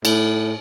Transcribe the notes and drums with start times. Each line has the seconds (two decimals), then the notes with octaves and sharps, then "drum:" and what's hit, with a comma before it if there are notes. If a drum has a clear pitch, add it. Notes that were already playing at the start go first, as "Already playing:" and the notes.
0.05 A2, drum: cymbal